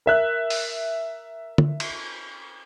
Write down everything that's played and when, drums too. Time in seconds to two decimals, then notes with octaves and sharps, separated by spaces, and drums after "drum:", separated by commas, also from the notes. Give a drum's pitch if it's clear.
0.06 A#4 E5 F#6
0.50 drum: open hi-hat
1.58 drum: tom D3
1.80 drum: cymbal